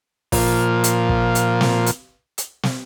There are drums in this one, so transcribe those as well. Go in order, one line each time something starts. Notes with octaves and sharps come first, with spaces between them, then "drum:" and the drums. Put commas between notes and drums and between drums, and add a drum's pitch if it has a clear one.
A#2 F3, drum: kick, open hi-hat
drum: hi-hat
drum: kick
drum: hi-hat
drum: snare
drum: hi-hat
drum: hi-hat
drum: snare